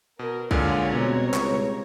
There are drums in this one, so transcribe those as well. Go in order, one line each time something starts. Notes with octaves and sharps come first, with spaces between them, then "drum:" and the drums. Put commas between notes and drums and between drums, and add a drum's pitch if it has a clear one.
B2 A#4
A#2 D3 G#3 D4 C#5 F5, drum: kick B1
B2 G3 C4 A#5
C#2 C#6, drum: clap